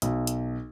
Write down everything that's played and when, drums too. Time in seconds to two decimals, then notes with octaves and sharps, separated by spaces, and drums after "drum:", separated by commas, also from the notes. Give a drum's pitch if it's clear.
0.02 B1, drum: hi-hat
0.27 drum: hi-hat